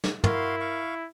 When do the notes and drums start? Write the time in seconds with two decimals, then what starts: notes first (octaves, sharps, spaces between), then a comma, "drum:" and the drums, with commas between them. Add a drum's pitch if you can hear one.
0.04 drum: snare
0.24 E4 F#4 A#4 F5 C6, drum: tom
0.60 F5 C#6